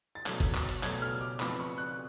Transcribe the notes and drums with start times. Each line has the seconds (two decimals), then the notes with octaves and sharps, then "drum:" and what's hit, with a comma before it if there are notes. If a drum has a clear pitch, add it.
0.15 A6
0.26 B2 F#3 A3 G#6, drum: clap
0.40 drum: kick, hi-hat
0.55 drum: clap
0.69 drum: hi-hat
0.83 B2 F#3 A3 G#6, drum: clap
1.02 F6
1.21 D6
1.40 F2 F3 B3 B5, drum: clap
1.60 C#6
1.78 F#6